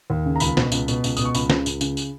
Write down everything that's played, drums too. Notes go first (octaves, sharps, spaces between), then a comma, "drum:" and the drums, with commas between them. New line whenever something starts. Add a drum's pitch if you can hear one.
D#2
C#3
A#5
C#2 B5, drum: tambourine
B2, drum: snare
C#2, drum: tambourine
B2, drum: tambourine
C#2, drum: tambourine
B2 D#6, drum: tambourine
C#6
C#2 B5, drum: tambourine
C#3, drum: snare
C#2, drum: tambourine
C#3, drum: tambourine
drum: tambourine